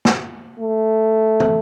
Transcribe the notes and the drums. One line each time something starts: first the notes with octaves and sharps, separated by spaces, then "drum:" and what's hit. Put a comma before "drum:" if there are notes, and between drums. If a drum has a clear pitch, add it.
drum: snare
A3
drum: tom